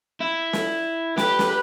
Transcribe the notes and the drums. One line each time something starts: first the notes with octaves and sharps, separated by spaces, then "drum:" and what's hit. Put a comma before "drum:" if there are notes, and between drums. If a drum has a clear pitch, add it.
E4
drum: snare
G4 B4, drum: snare
drum: snare